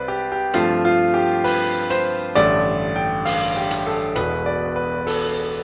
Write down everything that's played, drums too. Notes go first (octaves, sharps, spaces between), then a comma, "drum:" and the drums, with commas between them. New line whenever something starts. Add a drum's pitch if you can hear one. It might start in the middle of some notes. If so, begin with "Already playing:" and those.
Already playing: C2 C3 B4 C5 D5
G4
G4
G2 F3 A3 C4 F4, drum: hi-hat
F4
G4
B4, drum: open hi-hat
C5, drum: hi-hat
A1 G2 D3 A3 D5, drum: hi-hat
G5
F5, drum: open hi-hat
G4
drum: hi-hat
A4
E1 E2 B2 B4, drum: hi-hat
D5
B4
A4, drum: open hi-hat